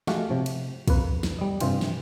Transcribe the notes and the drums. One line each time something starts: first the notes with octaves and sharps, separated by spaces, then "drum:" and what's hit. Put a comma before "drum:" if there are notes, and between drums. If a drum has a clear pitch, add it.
G#3 A3 F#4 G4 F5, drum: snare
C3 F3
drum: cymbal
F2 A#3 B4, drum: kick, cymbal
drum: snare
G3 D#5
G2 C3 E3 F4 G5, drum: cymbal
drum: snare